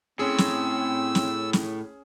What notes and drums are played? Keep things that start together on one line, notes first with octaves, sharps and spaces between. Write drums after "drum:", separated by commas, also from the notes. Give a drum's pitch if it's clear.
A2 C4 C#4 G#4 E6
drum: snare
drum: snare
drum: snare